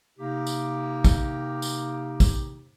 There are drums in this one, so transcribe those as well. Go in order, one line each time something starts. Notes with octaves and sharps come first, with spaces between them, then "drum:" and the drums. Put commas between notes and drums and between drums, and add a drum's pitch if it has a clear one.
C3 A#3 D#4 G4
drum: tambourine
drum: kick, tambourine
drum: tambourine
drum: kick, tambourine